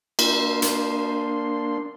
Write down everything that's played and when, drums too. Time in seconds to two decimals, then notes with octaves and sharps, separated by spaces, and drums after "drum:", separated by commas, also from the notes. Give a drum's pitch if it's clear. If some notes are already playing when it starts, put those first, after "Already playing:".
0.19 A#3 D4 C6, drum: cymbal
0.62 drum: hi-hat